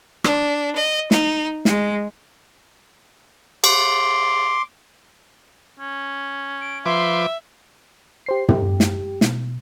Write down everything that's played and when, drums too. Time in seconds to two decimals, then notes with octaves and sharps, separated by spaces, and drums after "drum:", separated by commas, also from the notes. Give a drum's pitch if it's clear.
0.24 D4, drum: rim click
0.76 D#5
1.11 D#4, drum: snare
1.65 G#3, drum: snare
3.64 C6 D6, drum: cymbal
5.80 C#4
6.61 D7
6.86 F3 B4 E5 C6 D6
8.26 G4 C5 C7
8.49 G4, drum: tom
8.80 drum: snare
9.21 B2, drum: snare